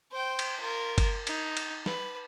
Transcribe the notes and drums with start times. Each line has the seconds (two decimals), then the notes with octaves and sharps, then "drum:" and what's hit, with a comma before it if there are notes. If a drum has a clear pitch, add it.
0.11 C5 G5
0.39 drum: cymbal
0.60 F4 A#4
0.98 drum: kick G1, cymbal
1.27 D#4, drum: cymbal
1.57 drum: cymbal
1.86 B4, drum: snare